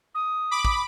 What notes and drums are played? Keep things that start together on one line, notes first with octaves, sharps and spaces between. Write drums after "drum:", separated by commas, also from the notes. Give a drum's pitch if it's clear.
D#6
B5 D6
drum: kick